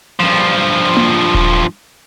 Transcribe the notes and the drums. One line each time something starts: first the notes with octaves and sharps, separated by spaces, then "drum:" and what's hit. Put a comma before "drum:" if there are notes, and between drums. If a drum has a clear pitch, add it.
G2 F3
drum: tom A#3
drum: kick D#1